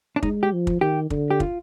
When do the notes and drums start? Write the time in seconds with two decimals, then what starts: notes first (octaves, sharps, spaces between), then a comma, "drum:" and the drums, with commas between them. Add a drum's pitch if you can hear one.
0.16 D4
0.23 G#3 D#4, drum: kick
0.43 G4
0.53 F3
0.67 drum: kick
0.81 D#3 G4
1.10 D3, drum: kick
1.31 G4
1.40 F4, drum: kick